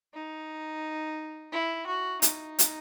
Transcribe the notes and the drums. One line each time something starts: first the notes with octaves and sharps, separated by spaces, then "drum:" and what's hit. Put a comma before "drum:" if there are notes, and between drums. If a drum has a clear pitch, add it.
D#4
E4
F#4
D#4, drum: hi-hat
drum: hi-hat